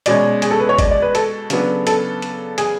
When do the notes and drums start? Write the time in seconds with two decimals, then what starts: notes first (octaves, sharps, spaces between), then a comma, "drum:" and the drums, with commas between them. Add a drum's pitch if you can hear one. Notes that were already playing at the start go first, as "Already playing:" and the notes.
0.06 B2 G#3 C#4 D5, drum: hi-hat
0.42 G#4, drum: hi-hat
0.51 A4
0.60 B4
0.69 C#5
0.78 D5, drum: kick G1, hi-hat
0.91 D5
1.02 B4
1.15 A4, drum: hi-hat
1.50 C#3 F#3 B3 D4, drum: hi-hat
1.87 A4, drum: hi-hat
2.22 drum: hi-hat
2.58 G#4, drum: hi-hat